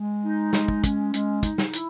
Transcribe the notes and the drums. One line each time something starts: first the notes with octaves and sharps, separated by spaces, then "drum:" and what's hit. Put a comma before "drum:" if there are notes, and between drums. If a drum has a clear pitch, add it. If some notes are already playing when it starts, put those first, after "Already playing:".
Already playing: G#3
D#4
G#3, drum: snare
drum: kick
C#4, drum: kick, hi-hat
G#3, drum: hi-hat
D#4, drum: kick, hi-hat
drum: snare
E4, drum: hi-hat